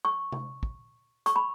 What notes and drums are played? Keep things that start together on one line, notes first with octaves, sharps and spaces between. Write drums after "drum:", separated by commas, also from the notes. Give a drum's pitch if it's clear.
C#6
drum: tom C3
drum: kick
C#6, drum: hi-hat
B5